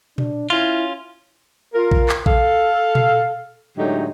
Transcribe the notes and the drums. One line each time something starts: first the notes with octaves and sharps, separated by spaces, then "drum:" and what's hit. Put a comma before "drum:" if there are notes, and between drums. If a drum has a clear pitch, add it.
D4, drum: tom A#2
C#4 E4 F4
F4 A#4
drum: kick A#1
drum: clap
A4 F5, drum: kick A#1
drum: tom A#2
A2 D3 F#3 G#3 D#4 G4